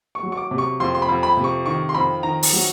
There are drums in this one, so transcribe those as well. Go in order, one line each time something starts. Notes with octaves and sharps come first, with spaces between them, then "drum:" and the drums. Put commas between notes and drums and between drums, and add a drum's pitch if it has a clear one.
C#6
F#3
C#6
D6
C3
C#6
F2 C6
C6
B5
F2
B5
C3
C#6
D#3 C#6
C6
F2 B5
D#3 A#5
drum: open hi-hat
F#3